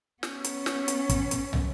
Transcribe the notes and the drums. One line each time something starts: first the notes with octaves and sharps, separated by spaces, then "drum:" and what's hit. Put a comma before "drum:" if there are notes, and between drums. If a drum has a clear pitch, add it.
B3 C#4, drum: snare
drum: hi-hat
drum: snare
drum: hi-hat
drum: kick, hi-hat
drum: hi-hat
drum: tom